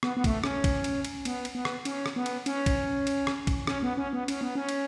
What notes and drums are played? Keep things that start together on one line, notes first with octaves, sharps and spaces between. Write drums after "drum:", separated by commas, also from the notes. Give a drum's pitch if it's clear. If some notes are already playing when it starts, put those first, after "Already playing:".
B3, drum: rim click
B3
A3, drum: kick, cymbal
C#4, drum: rim click
drum: kick, cymbal
drum: cymbal
drum: cymbal
B3, drum: cymbal
drum: cymbal
B3
drum: rim click
C#4, drum: cymbal
drum: rim click
B3
drum: cymbal
C#4, drum: cymbal
drum: kick, cymbal
drum: cymbal
drum: rim click
drum: kick, cymbal
C#4, drum: rim click
B3
C#4
B3
C#4, drum: cymbal
B3
C#4
drum: cymbal